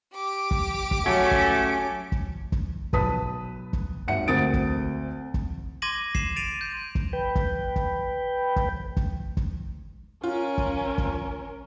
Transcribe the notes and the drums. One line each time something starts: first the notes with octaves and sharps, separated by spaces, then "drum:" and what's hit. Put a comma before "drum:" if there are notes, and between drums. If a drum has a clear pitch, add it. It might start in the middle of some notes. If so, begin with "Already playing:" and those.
G4 D6
drum: kick
drum: kick
F#3 A3 C#4
drum: kick
drum: kick
drum: kick
B1 B4 A5 D#6 B6, drum: kick
drum: kick
G#1 D#2 E5 F#5 C#7
D2 C4 A#4 D#6 A6 D7
drum: kick
drum: kick
C6 D6 G#6 A#6 D#7 F#7
C7 E7, drum: kick
A6 D7 D#7 F7
G6
drum: kick
B4 G5
drum: kick
drum: kick
drum: kick
drum: kick
drum: kick
C#4 F4 A#4
drum: kick
drum: kick